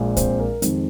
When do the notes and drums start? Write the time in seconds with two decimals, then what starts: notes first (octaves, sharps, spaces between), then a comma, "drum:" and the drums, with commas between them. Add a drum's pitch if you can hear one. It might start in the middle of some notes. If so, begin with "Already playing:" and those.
Already playing: A#1 A#2 G#3
0.17 C4 C5, drum: kick B1, hi-hat
0.39 A#4
0.62 F2 D#3 G#3, drum: hi-hat